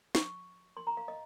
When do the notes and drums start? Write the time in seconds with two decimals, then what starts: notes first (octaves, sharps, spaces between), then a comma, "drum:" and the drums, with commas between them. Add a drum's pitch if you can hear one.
0.15 C#6, drum: snare
0.77 C6
0.87 A#5
0.97 F5
1.08 D#5